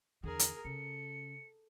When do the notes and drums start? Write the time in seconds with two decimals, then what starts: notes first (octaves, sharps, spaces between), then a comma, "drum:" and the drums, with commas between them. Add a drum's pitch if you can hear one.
0.23 E2 D3 G#4 A#4
0.39 drum: hi-hat
0.65 C#3 A4 C#7